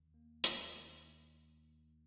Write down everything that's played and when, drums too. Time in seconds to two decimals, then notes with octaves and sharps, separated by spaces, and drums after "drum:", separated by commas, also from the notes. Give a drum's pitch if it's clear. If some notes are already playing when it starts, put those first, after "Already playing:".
Already playing: D#2 D#3
0.14 A#3
0.44 D#2, drum: hi-hat
0.74 D#3